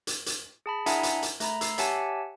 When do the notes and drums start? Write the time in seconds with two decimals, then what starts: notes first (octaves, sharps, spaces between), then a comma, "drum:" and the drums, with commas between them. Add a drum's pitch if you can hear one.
0.07 drum: hi-hat
0.26 drum: hi-hat
0.66 G#4 A5 B5
0.86 D4 E4 E5 F#5 G#5 A#5, drum: hi-hat
1.03 drum: hi-hat
1.22 drum: hi-hat
1.40 A3 A#5 B5, drum: hi-hat
1.61 E6 C7, drum: hi-hat
1.78 G4 C#5 E5 F#5 G#5 A5, drum: hi-hat